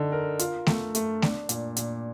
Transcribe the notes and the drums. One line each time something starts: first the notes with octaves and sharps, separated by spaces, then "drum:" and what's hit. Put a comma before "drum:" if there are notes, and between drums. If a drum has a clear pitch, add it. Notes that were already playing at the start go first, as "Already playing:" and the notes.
Already playing: D3 D#4
A#4
F4, drum: hi-hat
A3, drum: snare A3
A3, drum: hi-hat
D4, drum: snare A3
A#2, drum: hi-hat
A#2, drum: hi-hat